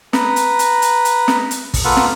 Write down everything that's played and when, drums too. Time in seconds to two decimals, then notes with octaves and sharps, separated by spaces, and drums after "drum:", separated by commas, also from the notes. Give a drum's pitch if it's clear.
0.13 B4 A#5, drum: snare
0.36 drum: hi-hat
0.59 drum: hi-hat
0.82 drum: hi-hat
1.05 drum: hi-hat
1.28 drum: snare
1.51 drum: hi-hat
1.74 drum: kick, open hi-hat
1.85 A#3 F4 A4 B4 F#5
1.97 drum: snare